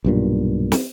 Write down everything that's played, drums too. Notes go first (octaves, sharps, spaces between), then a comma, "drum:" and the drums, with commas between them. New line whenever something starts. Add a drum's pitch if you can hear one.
B1 G2 A#2
drum: snare